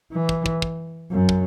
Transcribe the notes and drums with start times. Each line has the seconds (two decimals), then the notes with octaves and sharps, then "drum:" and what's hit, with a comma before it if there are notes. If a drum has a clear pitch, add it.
0.12 E3
0.29 drum: kick
0.46 drum: kick
0.62 drum: kick
1.12 F#2
1.29 drum: kick